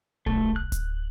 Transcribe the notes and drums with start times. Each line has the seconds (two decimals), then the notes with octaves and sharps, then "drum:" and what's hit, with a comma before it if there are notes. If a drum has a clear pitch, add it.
0.26 B1 A3, drum: kick D1
0.56 F#6
0.72 drum: kick D1, hi-hat